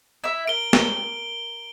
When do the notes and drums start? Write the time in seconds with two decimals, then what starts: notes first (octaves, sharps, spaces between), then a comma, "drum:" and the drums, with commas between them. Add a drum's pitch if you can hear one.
0.24 E4 E5
0.47 A#4 D7 G7
0.73 drum: snare